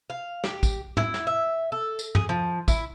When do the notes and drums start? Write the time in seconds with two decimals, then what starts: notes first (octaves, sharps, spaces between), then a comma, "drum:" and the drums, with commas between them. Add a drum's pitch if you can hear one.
0.10 F5
0.44 G4, drum: snare
0.63 drum: kick, tambourine
0.97 E4, drum: tom
1.14 drum: snare
1.27 E5
1.72 A4
1.99 drum: tambourine
2.15 G#4, drum: tom
2.29 F3
2.68 E4, drum: kick, tambourine